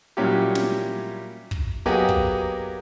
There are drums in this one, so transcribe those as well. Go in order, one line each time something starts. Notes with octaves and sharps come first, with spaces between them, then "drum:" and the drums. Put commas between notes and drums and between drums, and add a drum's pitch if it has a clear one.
A#2 F#3 G3 C#4 E4 G4
drum: snare
drum: kick
F#3 A#3 B3 G4 G#4 D#5
drum: kick